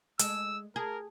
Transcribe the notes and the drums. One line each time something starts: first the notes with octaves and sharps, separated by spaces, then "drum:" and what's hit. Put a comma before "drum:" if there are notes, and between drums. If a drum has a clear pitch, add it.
G#3 E6, drum: hi-hat
G#4 A#4